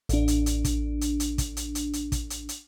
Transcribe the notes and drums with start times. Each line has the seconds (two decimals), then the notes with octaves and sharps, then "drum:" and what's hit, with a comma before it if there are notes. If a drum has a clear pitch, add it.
0.09 A1 D4, drum: hi-hat
0.28 drum: hi-hat
0.46 drum: hi-hat
0.65 drum: kick, hi-hat
1.01 drum: hi-hat
1.20 drum: hi-hat
1.38 drum: kick, hi-hat
1.57 drum: hi-hat
1.75 drum: hi-hat
1.93 drum: hi-hat
2.12 drum: kick, hi-hat
2.30 drum: hi-hat
2.49 drum: hi-hat